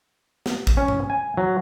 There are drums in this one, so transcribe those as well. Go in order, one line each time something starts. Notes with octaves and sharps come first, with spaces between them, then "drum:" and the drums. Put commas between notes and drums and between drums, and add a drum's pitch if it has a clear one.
drum: snare
drum: kick
C#4
drum: tom G2
G#5
F#3